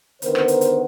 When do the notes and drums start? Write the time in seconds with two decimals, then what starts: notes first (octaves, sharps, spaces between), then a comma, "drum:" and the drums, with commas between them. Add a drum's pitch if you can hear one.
0.22 D3 D#3 B3 A#4 C5, drum: hi-hat
0.35 drum: rim click
0.48 drum: hi-hat
0.61 drum: hi-hat